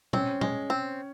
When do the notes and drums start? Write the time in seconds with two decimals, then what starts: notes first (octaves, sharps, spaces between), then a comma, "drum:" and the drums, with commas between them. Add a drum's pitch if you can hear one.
0.13 C4 C#4, drum: tom A#2
0.41 G#3, drum: tom A#2
0.70 C4